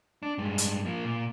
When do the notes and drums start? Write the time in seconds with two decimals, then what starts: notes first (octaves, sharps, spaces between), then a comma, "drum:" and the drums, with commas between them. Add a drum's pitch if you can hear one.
0.23 D4
0.38 G2 G#3
0.58 drum: hi-hat
0.85 F3 A#3
1.05 A#2